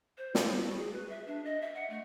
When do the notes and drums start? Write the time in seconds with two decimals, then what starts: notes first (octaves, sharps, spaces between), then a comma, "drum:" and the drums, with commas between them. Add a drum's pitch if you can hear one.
0.18 C5
0.35 E4, drum: snare
0.51 G3
0.66 F#4
0.78 G#4
0.93 B4
1.09 E5
1.27 D4
1.44 D#5
1.61 E5
1.75 F#5
1.90 A3